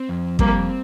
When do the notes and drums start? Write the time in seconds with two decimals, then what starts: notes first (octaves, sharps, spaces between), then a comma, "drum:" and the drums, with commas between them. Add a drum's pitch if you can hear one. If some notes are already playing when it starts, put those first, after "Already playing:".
Already playing: C4
0.09 F2
0.39 G3 A#3 C4, drum: kick